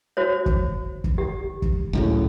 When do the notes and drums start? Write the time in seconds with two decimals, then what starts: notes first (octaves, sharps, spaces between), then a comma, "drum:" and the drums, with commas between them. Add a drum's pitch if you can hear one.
0.17 F#4 C5 C#5
0.46 drum: kick
1.04 drum: kick
1.18 G4
1.62 drum: kick
1.93 C#2 F#2 A2